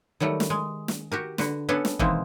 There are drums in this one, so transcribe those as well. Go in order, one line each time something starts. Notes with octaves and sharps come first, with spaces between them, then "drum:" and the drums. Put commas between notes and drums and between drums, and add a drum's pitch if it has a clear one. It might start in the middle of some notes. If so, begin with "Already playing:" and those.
D#3 F#3 G3 A3
drum: snare
G#3
drum: snare
F#4 G4 A#4
D3 F#4 B4, drum: snare
B3 C#4 D4 A4 B4
drum: snare
B2 D#3 E3 G#3 A#3 C4, drum: kick F1